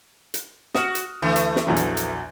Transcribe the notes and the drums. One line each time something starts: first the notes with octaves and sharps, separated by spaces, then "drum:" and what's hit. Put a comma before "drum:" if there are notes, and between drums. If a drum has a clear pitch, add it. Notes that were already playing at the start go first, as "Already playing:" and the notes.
drum: hi-hat
F#4 D#6 F6, drum: snare
drum: hi-hat
D2 E3 A3
drum: hi-hat
drum: snare
A#1 E2 F#3
drum: hi-hat
drum: hi-hat